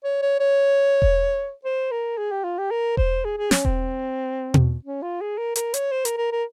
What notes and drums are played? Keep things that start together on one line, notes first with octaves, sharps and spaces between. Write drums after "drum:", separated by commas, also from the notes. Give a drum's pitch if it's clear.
C#5
C#5
C#5
drum: kick E1
C5
A#4
G#4
G4
F4
G4
A#4
C5, drum: kick E1
G#4
G#4
C#4, drum: snare
C4, drum: kick E1
drum: tom B2
C#4
F4
G#4
A#4
A#4, drum: hi-hat
C#5, drum: hi-hat
C5
A#4, drum: hi-hat
A#4
A#4